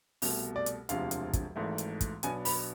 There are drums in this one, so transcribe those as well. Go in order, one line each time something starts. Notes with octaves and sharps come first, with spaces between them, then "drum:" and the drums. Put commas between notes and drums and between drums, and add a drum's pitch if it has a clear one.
C2 B2 A3, drum: open hi-hat
D5
drum: hi-hat
E1 D2 C3 F3 F5, drum: hi-hat
drum: hi-hat
drum: kick, hi-hat
G#1 G#2 E3 A3
drum: hi-hat
drum: kick, hi-hat
B1 B2 B3 D4 G#5, drum: hi-hat
B5, drum: open hi-hat